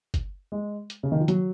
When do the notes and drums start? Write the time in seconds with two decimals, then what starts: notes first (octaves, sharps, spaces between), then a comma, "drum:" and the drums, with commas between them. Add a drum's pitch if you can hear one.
0.14 drum: kick F#1, hi-hat
0.52 G#3
0.90 drum: hi-hat
1.03 C#3
1.12 D#3
1.20 F3
1.28 F#3, drum: hi-hat